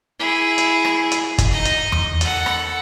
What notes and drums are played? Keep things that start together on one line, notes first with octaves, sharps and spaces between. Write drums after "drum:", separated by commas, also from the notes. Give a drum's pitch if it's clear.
E4 G#4
drum: hi-hat
drum: rim click
drum: hi-hat
drum: kick, hi-hat
D#4 D#5
drum: hi-hat
drum: tom E2
A4 F#5, drum: hi-hat
drum: rim click